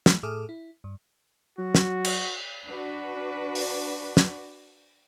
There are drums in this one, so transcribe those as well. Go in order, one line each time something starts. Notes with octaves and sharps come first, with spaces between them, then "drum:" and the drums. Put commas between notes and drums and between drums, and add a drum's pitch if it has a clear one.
E3 A3, drum: snare
A2 G#4 A4 D6 D#6 F6
E4
G2
F#3 F#4
drum: snare
drum: cymbal
D4 F#4 B4
drum: open hi-hat
drum: snare